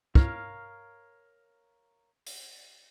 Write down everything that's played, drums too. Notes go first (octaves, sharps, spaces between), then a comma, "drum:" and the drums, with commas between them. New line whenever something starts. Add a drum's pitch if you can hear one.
A#4 C#5 F5, drum: kick
drum: open hi-hat